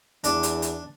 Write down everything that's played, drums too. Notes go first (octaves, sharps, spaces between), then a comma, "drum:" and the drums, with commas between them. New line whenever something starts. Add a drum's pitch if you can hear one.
E2 D4, drum: hi-hat
drum: hi-hat
drum: hi-hat